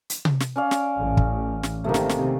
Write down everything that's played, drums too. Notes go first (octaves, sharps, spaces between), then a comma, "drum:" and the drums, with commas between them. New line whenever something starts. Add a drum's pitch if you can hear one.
drum: hi-hat
drum: tom C3
drum: snare
C#4 D5 F5
drum: snare
A1
drum: kick
drum: snare
C3 D#3 A3 A#3
drum: snare
drum: snare